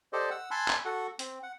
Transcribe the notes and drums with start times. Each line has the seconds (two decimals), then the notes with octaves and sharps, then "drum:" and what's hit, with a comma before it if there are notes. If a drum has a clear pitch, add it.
0.13 G4 A4 C5 D5 D#5
0.31 F#5 E6
0.51 G#5 A5 B5 C6 E6 F#6
0.68 drum: clap
0.85 F#4 A4 F#5
1.19 C4, drum: hi-hat
1.43 F#5